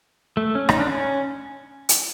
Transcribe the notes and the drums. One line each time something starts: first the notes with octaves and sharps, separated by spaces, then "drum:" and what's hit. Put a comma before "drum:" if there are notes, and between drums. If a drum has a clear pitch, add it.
A3
C#4
D#4, drum: rim click
D4
C#4
drum: hi-hat